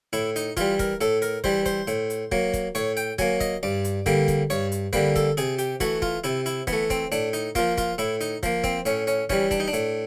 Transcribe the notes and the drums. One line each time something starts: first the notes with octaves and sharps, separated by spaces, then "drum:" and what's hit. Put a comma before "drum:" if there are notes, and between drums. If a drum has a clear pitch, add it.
A2 E4, drum: hi-hat
D#4, drum: hi-hat
E3 G3 F4, drum: kick, hi-hat
A#4, drum: kick, hi-hat
A2 A4, drum: hi-hat
A#4, drum: hi-hat
E3 G3 C5, drum: kick
C5, drum: kick, hi-hat
A2, drum: hi-hat
drum: hi-hat
F#3 A#3, drum: kick
drum: kick, hi-hat
A2 C#5, drum: hi-hat
G5, drum: hi-hat
F#3 A#3 G#5, drum: kick, hi-hat
D#5, drum: kick, hi-hat
G2 D5
drum: hi-hat
D3 G3 A#3, drum: kick, hi-hat
drum: kick, hi-hat
G2 C#5, drum: hi-hat
drum: hi-hat
D3 G3 A#3 B4, drum: kick, hi-hat
A4, drum: kick, hi-hat
C3 G#4, drum: hi-hat
G4, drum: hi-hat
E3 A3 F#4, drum: kick, hi-hat
F4, drum: kick
C3 E4, drum: hi-hat
E4, drum: hi-hat
E3 B3, drum: kick, hi-hat
A3
C4, drum: kick, hi-hat
A2 D4, drum: hi-hat
D#4, drum: hi-hat
F3 A#3 F4, drum: kick, hi-hat
F4, drum: kick, hi-hat
A2 E4, drum: hi-hat
D#4, drum: hi-hat
F3 A#3, drum: kick, hi-hat
C4, drum: kick, hi-hat
A2 C#4, drum: hi-hat
C#4, drum: hi-hat
E3 G3 C#4, drum: kick, hi-hat
D4, drum: kick, hi-hat
D#4
D4
A2, drum: hi-hat